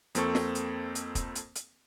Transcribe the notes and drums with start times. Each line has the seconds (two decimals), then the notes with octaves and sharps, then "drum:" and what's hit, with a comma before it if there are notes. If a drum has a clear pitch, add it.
0.15 F2 A#3 C4 A4 C#6, drum: hi-hat
0.35 drum: snare
0.55 drum: hi-hat
0.95 drum: hi-hat
1.15 drum: kick, hi-hat
1.35 drum: hi-hat
1.55 drum: hi-hat